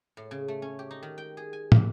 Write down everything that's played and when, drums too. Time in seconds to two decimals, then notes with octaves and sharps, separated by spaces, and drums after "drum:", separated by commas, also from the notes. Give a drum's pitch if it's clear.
0.17 A2
0.31 C#3
0.48 A3
0.62 C#4
0.79 G4
0.91 D#4
1.03 D#3
1.18 G5
1.37 G#4
1.53 G#5
1.72 A#2, drum: tom